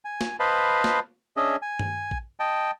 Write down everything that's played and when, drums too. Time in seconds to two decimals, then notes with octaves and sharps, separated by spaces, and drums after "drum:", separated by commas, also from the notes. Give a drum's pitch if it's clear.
0.05 G#5
0.21 drum: snare
0.40 B4 C5 D#5 F5 A5 B5
0.84 drum: snare
1.37 C#4 D4 G#4 D#5 E5
1.62 G#5
1.79 drum: tom G2
2.11 drum: kick A1
2.40 D#5 G5 A5